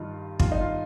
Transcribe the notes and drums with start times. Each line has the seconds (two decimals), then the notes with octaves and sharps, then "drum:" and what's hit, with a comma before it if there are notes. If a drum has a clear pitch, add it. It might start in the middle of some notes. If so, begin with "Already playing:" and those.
Already playing: G2 D#3 D#4 F4
0.40 G2 D#3 F4, drum: kick
0.52 D#4
0.61 F4